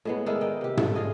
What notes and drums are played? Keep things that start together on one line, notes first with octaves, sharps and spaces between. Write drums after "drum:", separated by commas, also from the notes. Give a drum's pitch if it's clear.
A2 G#3 B3
D#3 G#3 D4 E4
D#3 D#5 G5
C3 G4
A3 D4, drum: tom
F4 G#4 D#5